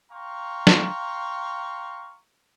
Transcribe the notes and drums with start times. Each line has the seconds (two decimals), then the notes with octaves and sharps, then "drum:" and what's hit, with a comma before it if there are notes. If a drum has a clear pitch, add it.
0.11 F5 G5 A#5 C6 C#6
0.67 drum: snare